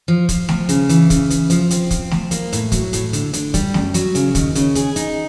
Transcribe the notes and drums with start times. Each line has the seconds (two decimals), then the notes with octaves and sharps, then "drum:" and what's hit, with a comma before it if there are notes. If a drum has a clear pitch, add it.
0.08 F3
0.29 F3, drum: kick, hi-hat
0.49 F3, drum: snare A3
0.69 C#3, drum: hi-hat
0.89 E3, drum: hi-hat
1.10 C#3, drum: kick, hi-hat
1.30 E3, drum: hi-hat
1.50 F3, drum: hi-hat
1.71 C4, drum: hi-hat
1.91 F3, drum: kick, hi-hat
2.11 F3, drum: snare A3
2.31 A#3, drum: hi-hat
2.53 A2, drum: hi-hat
2.72 F#3, drum: kick, hi-hat
2.93 A2, drum: hi-hat
3.13 D3, drum: hi-hat
3.33 D3, drum: hi-hat
3.54 G3, drum: kick, hi-hat
3.74 F#2, drum: snare A3
3.94 F#3, drum: hi-hat
4.15 C#3, drum: hi-hat
4.35 D#2, drum: kick, hi-hat
4.55 C#3, drum: hi-hat
4.75 G#4, drum: hi-hat
4.96 D#4, drum: hi-hat